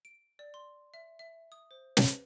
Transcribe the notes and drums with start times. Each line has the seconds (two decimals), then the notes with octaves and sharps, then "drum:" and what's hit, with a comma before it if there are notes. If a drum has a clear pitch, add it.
0.05 D7
0.39 D5
0.54 C6
0.94 E5
1.19 E5
1.52 D#6
1.71 C5
1.97 B4, drum: snare